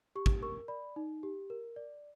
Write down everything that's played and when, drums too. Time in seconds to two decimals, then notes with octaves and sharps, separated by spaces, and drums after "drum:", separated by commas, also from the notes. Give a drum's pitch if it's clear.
0.16 G4 C#6
0.26 drum: kick
0.42 A#4 C#6
0.68 D5 B5
0.96 D#4
1.23 G4
1.50 A#4
1.76 D5